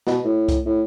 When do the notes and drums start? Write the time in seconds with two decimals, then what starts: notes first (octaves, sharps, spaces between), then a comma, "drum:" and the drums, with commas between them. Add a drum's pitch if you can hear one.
0.07 B2, drum: snare
0.25 A2
0.48 drum: kick C2, hi-hat
0.65 A2